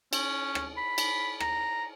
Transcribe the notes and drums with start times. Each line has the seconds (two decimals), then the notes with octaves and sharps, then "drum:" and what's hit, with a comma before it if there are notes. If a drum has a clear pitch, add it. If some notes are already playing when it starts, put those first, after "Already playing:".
0.13 C#4, drum: cymbal
0.55 drum: rim click
0.77 B5
0.98 drum: cymbal
1.40 A#5, drum: rim click